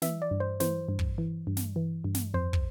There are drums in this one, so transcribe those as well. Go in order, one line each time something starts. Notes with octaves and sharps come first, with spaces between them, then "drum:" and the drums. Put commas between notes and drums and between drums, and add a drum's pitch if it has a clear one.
E3 E5, drum: snare
D5
G2
C5
E3 C5, drum: snare
G2
drum: kick
E3
G2
drum: snare
E3
G2
drum: snare
F2 C5
drum: kick